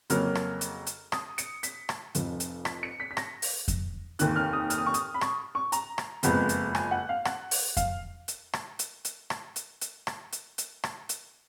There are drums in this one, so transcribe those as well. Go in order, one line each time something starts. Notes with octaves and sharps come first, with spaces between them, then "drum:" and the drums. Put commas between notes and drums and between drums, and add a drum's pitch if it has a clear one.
F2 C#3 F#3 A#3 F6, drum: hi-hat
drum: rim click
drum: hi-hat
drum: hi-hat
D#6, drum: rim click
C#7, drum: hi-hat
B6, drum: hi-hat
drum: rim click
F1 F2 F3, drum: hi-hat
drum: hi-hat
B6, drum: rim click
C#7
B6
B6
A#6, drum: rim click
drum: open hi-hat
drum: kick F2, hi-hat
F1 D#2 D#3 F#6, drum: hi-hat
F6
D#6
F6, drum: hi-hat
D#6
C#6
D#6, drum: hi-hat
B5
C#6, drum: rim click
C#6
A#5, drum: hi-hat
drum: rim click
F#1 F2 F3 G#3 B3, drum: hi-hat
drum: hi-hat
G#5, drum: rim click
F#5
F5
F#5, drum: rim click
drum: open hi-hat
F5, drum: kick F2, hi-hat
drum: hi-hat
drum: rim click
drum: hi-hat
drum: hi-hat
drum: rim click
drum: hi-hat
drum: hi-hat
drum: rim click
drum: hi-hat
drum: hi-hat
drum: rim click
drum: hi-hat